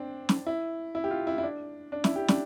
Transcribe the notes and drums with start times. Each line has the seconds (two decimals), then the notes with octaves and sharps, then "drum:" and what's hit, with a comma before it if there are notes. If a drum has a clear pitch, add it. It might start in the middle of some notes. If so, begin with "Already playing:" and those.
Already playing: C4 D4
0.29 drum: snare
0.46 E4
0.95 E4
1.04 G4
1.11 F4
1.27 E4
1.38 E4
1.43 D4
1.92 D4
2.04 E4, drum: snare
2.16 G4
2.28 D4, drum: snare